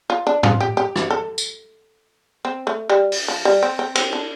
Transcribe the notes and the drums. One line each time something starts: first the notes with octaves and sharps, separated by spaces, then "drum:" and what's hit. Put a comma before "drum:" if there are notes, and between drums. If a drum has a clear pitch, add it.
F4
D4
F4, drum: tom A2
G4
G4
drum: rim click
A4
drum: tambourine
C4
A3
G3
drum: open hi-hat
F3
G3
C4
C4
C4, drum: cymbal
D4